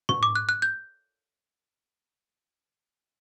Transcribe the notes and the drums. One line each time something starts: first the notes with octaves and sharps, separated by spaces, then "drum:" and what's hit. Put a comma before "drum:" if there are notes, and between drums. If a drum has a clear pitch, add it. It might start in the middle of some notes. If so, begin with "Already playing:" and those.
C#6, drum: tom
D6
F#6
F#6
G6